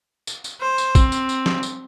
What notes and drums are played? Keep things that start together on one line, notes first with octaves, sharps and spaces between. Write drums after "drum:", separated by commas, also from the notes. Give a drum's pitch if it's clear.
drum: tambourine
drum: tambourine
C5
drum: tambourine
C4, drum: kick, tambourine
drum: tambourine
drum: tambourine
drum: snare
drum: tambourine